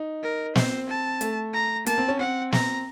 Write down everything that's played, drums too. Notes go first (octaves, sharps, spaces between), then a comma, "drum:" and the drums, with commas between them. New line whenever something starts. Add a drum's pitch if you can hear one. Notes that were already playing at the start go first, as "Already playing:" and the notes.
Already playing: D#4
A#4
C4 C5, drum: snare
A5
A3, drum: hi-hat
A#5
A#3 A5, drum: hi-hat
C4
C#4
C4 F#5
A#5, drum: snare